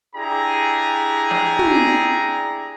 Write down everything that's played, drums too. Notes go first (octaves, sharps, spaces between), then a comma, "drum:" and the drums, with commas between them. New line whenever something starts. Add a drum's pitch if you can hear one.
D4 E4 G4 G#4 A#5
drum: snare
drum: tom